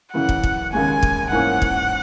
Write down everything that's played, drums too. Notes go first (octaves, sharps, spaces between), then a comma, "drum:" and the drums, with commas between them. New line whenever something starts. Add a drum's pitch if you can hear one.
F#2 C#3 E3 F#5
drum: kick
drum: kick
D#2 C#3 G#3 C#4 G#5
drum: kick
G#2 E3 A#3 C#4 F#5
drum: kick